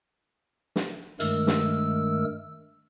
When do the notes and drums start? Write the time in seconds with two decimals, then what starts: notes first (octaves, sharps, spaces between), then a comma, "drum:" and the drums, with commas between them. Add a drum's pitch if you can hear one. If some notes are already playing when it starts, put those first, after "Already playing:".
0.76 drum: snare
1.20 G2 D#3 G#3 A3 A#4 E6, drum: hi-hat
1.47 drum: snare